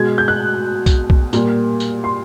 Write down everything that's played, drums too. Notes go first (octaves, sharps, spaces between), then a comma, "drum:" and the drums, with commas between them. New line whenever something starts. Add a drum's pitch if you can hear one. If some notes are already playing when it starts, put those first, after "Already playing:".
Already playing: B2 G#3 G#6
G6
F#6
drum: kick, tambourine
drum: kick
A#2 G3 A#3, drum: tambourine
drum: tambourine
C6